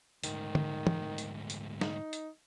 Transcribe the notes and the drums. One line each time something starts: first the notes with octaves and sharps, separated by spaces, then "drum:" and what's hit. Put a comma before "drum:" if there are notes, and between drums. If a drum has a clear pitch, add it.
D2 G#2 D#3, drum: hi-hat
drum: tom D3
drum: tom
drum: hi-hat
drum: hi-hat
D#4, drum: snare
drum: hi-hat